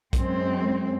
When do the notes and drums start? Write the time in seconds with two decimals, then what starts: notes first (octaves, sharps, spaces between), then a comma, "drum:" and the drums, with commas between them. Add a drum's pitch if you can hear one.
0.13 F#2 G#3 C4, drum: kick B1, hi-hat